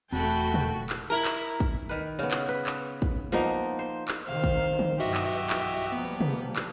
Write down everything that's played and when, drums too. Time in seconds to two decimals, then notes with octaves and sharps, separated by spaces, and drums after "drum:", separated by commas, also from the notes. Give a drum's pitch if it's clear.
0.12 E1 A3 C4 F#4 G5 A5 B5
0.54 drum: tom
0.90 drum: clap
1.10 E4 A#4
1.25 drum: clap
1.60 drum: kick
1.89 D#3 B4
2.19 C#3 B3
2.31 drum: clap
2.49 B4
2.67 drum: clap
3.02 drum: kick
3.32 F3 A#3 B3 D#4
3.79 C5
4.08 drum: clap
4.25 C3 D#3 C5 F5
4.44 drum: kick
4.79 drum: tom
5.00 B1 G2 E3 F#4 G4 D#5 E5
5.14 drum: clap
5.50 drum: clap
5.92 F3 G3 A#3 B3
6.21 drum: tom
6.56 drum: clap